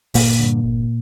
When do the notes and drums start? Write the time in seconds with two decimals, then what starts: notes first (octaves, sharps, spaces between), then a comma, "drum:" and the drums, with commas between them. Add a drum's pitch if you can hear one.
0.14 G1 A#2 A#3, drum: open hi-hat
0.39 G2 D3
0.64 G1